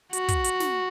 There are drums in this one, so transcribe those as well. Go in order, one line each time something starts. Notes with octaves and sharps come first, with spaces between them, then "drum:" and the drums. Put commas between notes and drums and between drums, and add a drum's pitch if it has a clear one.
F#4, drum: hi-hat
drum: kick, hi-hat
drum: hi-hat
drum: snare